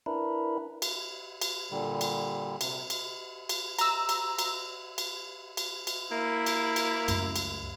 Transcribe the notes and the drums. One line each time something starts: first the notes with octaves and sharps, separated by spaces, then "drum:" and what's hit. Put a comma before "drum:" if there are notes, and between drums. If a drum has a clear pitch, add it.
D4 E4 A#4 B4
drum: cymbal
drum: cymbal
A#2 D3 G3
drum: cymbal
C3, drum: cymbal
drum: cymbal
drum: cymbal
A#5 E6, drum: cymbal
drum: cymbal
drum: cymbal
drum: cymbal
drum: cymbal
drum: cymbal
A#3 E4
drum: cymbal
drum: cymbal
C#2 F#2 A3, drum: cymbal
drum: cymbal